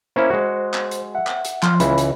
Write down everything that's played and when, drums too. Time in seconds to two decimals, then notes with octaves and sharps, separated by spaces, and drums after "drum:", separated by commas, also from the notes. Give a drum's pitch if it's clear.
0.16 A#3 C#4 E4 C5
0.30 G#3 F#4
0.74 drum: clap
0.91 drum: hi-hat
1.14 E5 F#5
1.27 drum: clap
1.45 drum: hi-hat
1.63 F3 F5 C6, drum: clap
1.80 C#2 E3 B5, drum: hi-hat
1.98 drum: hi-hat